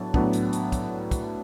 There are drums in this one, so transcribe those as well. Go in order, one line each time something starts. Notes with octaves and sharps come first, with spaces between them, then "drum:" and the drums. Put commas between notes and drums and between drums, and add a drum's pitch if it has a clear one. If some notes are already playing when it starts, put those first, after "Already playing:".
Already playing: A2 F#3 B3 D4 A5
A2 F#3 B3 D4, drum: kick
drum: hi-hat
drum: hi-hat
drum: kick, hi-hat
drum: kick, hi-hat